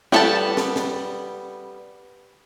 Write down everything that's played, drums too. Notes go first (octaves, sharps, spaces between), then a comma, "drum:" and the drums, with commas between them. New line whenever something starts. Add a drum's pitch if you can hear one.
G3 B3 A4 F5 A5, drum: snare
drum: snare
drum: snare